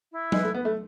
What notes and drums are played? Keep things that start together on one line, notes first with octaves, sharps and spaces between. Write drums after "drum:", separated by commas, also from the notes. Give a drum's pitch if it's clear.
E4
G#3 B4, drum: tom F#3
A3
B3 B4
A3